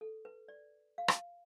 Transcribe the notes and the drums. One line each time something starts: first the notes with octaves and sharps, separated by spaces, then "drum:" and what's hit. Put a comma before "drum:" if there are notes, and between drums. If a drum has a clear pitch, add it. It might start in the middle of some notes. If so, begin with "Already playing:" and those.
A4
B4
D5
F5
drum: rim click